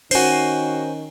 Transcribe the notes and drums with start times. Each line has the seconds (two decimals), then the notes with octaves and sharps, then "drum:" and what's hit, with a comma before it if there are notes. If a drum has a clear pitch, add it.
0.11 D#3 C#4 F#4 C5 G#5 C7, drum: cymbal